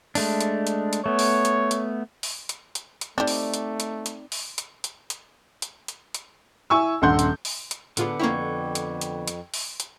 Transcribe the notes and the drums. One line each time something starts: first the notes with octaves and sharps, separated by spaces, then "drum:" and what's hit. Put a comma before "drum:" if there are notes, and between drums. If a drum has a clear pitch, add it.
G#3 A3 D4, drum: open hi-hat
drum: hi-hat
drum: hi-hat
drum: hi-hat
A3 B3 C#5
drum: open hi-hat
drum: hi-hat
drum: hi-hat
drum: open hi-hat
drum: hi-hat
drum: hi-hat
drum: hi-hat
G3 A3 C4 D4 D#4 D5
drum: open hi-hat
drum: hi-hat
drum: hi-hat
drum: hi-hat
drum: open hi-hat
drum: hi-hat
drum: hi-hat
drum: hi-hat
drum: hi-hat
drum: hi-hat
drum: hi-hat
E4 G#5 C#6 E6
D#1 G2 F#5 C6 G6
drum: hi-hat
drum: open hi-hat
drum: hi-hat
A2 D3 B3 F4 G#4, drum: hi-hat
F2 A#3 C#4 E4 G5 C#6 G#6
drum: hi-hat
drum: hi-hat
drum: hi-hat
drum: open hi-hat
drum: hi-hat